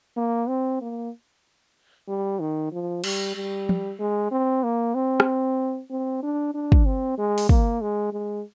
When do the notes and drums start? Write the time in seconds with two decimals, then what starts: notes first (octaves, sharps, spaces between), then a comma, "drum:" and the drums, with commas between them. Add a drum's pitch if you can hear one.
0.17 A#3
0.48 C4
0.81 A#3
2.08 G3
2.40 D#3
2.72 F3
3.04 G3, drum: cymbal
3.35 G3
3.69 drum: tom
3.99 G#3
4.31 C4
4.63 A#3
4.95 C4
5.20 drum: rim click
5.90 C4
6.23 D4
6.54 D4
6.72 drum: kick
6.86 C4
7.18 G#3
7.38 drum: open hi-hat
7.49 A#3, drum: kick
7.81 G#3
8.13 G#3